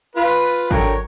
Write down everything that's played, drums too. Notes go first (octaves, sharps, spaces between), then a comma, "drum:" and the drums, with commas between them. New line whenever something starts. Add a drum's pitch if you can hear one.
F4 B4
D3 F#3 A#4 C#5 G5, drum: kick G#1